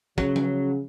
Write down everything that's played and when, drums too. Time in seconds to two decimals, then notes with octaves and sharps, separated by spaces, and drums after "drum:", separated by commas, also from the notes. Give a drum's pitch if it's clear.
0.18 C#3 F#3, drum: kick
0.36 drum: tom F3